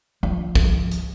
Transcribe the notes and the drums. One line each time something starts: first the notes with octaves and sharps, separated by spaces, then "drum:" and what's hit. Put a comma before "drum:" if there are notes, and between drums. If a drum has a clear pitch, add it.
F3
drum: kick
drum: hi-hat